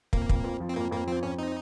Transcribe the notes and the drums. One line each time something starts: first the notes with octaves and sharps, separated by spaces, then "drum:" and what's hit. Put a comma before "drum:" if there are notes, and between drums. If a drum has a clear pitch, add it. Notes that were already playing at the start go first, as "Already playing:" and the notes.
F2 A#3, drum: kick
F2, drum: kick
F2
F3
C4
F2 A#3
F2 A#3
F3 C4
F2 C#4
C4 D#4